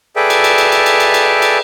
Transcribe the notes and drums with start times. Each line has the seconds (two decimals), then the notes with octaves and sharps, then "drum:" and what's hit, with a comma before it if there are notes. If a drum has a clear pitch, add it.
0.16 G#4 A4 B4 D5 E5 G5
0.30 drum: cymbal
0.44 drum: cymbal
0.58 drum: cymbal
0.72 drum: cymbal
0.86 drum: cymbal
1.00 drum: cymbal
1.14 drum: cymbal
1.42 drum: cymbal